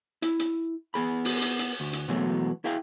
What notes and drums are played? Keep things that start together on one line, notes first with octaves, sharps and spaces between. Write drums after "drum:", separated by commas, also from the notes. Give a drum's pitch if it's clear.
E4, drum: hi-hat
drum: hi-hat
B3 G#4 B5
drum: open hi-hat
drum: hi-hat
drum: hi-hat
D2
drum: hi-hat
B2 E3 F#3 G#3 A3 B3
E4 G#4 E5 F5 G5